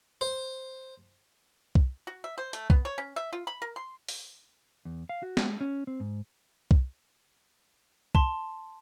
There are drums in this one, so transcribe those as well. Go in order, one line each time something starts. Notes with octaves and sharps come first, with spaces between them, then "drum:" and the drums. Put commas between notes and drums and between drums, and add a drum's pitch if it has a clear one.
C5
drum: kick C2
F#4
E5
C5
A3, drum: hi-hat
B3, drum: kick C2
C#5
C#4
E5
F4
B5
A#4
C6
drum: open hi-hat
E2
F5
F#4
G#3, drum: snare
C#4
C4
G#2
drum: kick C2
A5 C6, drum: kick C2